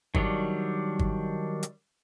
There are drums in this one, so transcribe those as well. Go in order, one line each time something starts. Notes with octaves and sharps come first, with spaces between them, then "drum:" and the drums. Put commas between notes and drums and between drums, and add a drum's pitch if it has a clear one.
D#3 F#3 G3 D4, drum: kick G1
drum: kick G1
drum: hi-hat